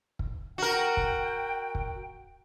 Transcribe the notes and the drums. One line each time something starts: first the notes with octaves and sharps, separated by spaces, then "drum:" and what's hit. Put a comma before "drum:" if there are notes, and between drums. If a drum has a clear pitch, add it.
drum: kick
F#4 A#4 G5
drum: kick
drum: kick